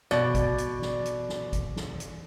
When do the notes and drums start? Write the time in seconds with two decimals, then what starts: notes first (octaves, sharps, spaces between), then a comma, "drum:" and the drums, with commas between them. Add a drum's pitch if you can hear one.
0.11 B2 D5, drum: snare
0.35 drum: kick, hi-hat
0.58 drum: hi-hat
0.82 drum: snare
1.05 drum: hi-hat
1.29 drum: snare
1.53 drum: kick, hi-hat
1.76 drum: snare
2.00 drum: hi-hat